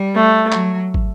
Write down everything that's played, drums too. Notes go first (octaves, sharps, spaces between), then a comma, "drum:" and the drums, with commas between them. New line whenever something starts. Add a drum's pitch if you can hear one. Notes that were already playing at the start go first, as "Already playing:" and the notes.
Already playing: G3
A3
F#3, drum: clap
drum: kick